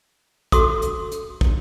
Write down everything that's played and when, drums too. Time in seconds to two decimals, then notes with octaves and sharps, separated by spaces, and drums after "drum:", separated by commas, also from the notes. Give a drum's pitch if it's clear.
0.52 F#4 A4 C6 D6 D#6, drum: kick, hi-hat
0.82 drum: hi-hat
1.12 drum: hi-hat
1.41 drum: kick